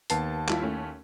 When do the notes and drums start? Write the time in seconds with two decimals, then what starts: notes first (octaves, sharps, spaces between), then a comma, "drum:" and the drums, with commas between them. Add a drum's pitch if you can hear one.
0.10 D#2 B3 A5 C7, drum: hi-hat
0.48 G3 E4 F4, drum: clap
0.62 A3 C#4